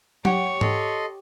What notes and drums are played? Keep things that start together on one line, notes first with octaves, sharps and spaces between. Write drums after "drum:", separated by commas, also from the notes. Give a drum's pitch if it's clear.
G4 C#5 F#5 G5, drum: tom F#3
A4 D#5 C6, drum: tom G#2